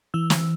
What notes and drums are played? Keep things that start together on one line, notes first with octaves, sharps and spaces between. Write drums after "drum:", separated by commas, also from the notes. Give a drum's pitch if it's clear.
E3 E6
drum: snare